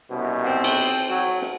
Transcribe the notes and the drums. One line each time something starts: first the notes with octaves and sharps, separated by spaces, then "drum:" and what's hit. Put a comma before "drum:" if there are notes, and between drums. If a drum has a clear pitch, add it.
C2 F#2 B2
C4
drum: cymbal
F#3
drum: snare